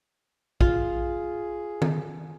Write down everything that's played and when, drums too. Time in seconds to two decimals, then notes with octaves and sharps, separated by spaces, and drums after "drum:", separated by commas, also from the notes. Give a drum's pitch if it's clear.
0.61 F4 G#4, drum: kick
1.82 drum: tom D#3